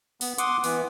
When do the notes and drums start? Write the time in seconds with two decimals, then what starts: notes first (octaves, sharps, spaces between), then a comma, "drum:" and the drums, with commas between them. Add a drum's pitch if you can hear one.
0.21 B3, drum: open hi-hat
0.38 F#5 C6 D6 D#6, drum: hi-hat
0.64 E3 B3, drum: open hi-hat